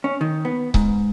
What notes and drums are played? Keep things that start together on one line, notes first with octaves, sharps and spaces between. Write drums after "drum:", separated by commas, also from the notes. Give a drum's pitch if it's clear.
C#4
D#3
B3
G#2, drum: kick C#1